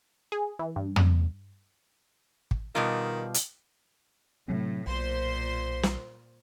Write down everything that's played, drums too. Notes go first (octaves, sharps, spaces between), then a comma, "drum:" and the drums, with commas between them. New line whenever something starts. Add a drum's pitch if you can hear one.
G#4
E3
G2
drum: tom
drum: kick
B2 D#3 G3 F4
drum: hi-hat
A2 C3 F#3 C4
B1 A#2 C5 C6
drum: snare